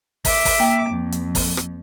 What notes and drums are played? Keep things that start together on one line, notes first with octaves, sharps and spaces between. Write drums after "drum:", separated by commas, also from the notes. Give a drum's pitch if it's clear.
E5 D6, drum: kick, open hi-hat
drum: kick, open hi-hat
A#3 G5
F2
drum: hi-hat
drum: kick, open hi-hat
drum: rim click